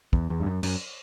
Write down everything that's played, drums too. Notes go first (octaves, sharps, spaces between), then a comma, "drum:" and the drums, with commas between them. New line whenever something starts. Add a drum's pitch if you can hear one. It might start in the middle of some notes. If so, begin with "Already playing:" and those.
E2, drum: kick
E2
G2
F#2
F#2, drum: cymbal